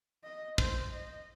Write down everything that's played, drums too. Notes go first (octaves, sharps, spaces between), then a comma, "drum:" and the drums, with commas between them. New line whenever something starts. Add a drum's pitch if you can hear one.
D#5
C5, drum: kick
D#5